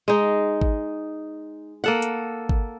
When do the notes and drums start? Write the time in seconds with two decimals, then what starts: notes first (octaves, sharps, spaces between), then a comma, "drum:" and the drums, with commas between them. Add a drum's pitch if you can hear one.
0.08 G#3 D#4
0.62 drum: kick G#1
1.84 A#3 A4 F#5
2.02 drum: hi-hat
2.49 drum: kick G#1